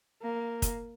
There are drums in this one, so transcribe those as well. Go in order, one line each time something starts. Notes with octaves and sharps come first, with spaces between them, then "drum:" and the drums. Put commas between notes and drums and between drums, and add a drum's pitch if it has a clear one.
A#3
drum: kick, hi-hat